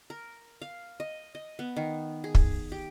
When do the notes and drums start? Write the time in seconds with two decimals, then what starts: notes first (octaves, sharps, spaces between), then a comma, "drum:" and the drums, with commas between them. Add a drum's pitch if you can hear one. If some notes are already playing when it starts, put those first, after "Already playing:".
0.10 A#4
0.62 F5
1.00 D#5
1.35 D#5
1.59 B3
1.76 D#3
2.24 G#4
2.35 drum: kick
2.72 G4